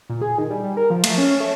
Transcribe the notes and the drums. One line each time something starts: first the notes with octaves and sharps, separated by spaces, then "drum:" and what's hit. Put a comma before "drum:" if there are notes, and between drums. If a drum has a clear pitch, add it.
A#2
G#4
D#3
G3
G3
A#4
F3
A3, drum: cymbal
C#4
A3